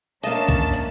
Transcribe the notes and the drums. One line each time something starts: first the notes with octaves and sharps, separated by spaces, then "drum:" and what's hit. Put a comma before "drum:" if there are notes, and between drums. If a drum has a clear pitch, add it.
G#2 A#3 C#4 D4 D#5 E5 A5, drum: hi-hat
drum: kick
drum: hi-hat